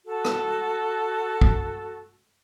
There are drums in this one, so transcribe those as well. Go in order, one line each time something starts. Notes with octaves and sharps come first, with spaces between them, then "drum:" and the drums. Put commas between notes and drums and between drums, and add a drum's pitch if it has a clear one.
F#4 A4
drum: rim click
drum: kick